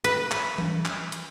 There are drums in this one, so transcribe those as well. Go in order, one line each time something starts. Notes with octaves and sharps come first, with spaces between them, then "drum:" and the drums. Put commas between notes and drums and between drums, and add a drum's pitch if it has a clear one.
B4, drum: hi-hat
drum: clap
drum: tom E3
drum: clap
drum: hi-hat